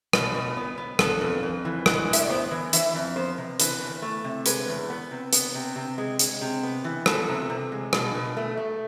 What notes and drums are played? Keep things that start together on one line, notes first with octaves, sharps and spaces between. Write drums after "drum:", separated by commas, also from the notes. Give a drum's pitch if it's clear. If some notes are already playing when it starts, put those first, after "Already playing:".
B2, drum: rim click
B2
B3
B3
B3 A4, drum: rim click
F2
F2
E3
G#3 B4, drum: rim click
A2
E5, drum: hi-hat
D5
B3 C5
E3
E3 E5, drum: hi-hat
F2
B3 C5
C3
E3 B4, drum: hi-hat
E2
A3
C3
G#3 B4, drum: hi-hat
E2
B3
C3
B3, drum: hi-hat
C3
C3
G#3
G#3, drum: hi-hat
C3
B3
E3
B3 A4, drum: rim click
C3
C3
G#3
B2, drum: rim click
B2
A3
A3